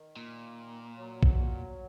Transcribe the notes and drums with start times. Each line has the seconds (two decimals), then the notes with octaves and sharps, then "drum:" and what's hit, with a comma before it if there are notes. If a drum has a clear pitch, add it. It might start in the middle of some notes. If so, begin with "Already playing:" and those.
Already playing: D#3
0.16 A#2
0.96 F#3
1.23 drum: kick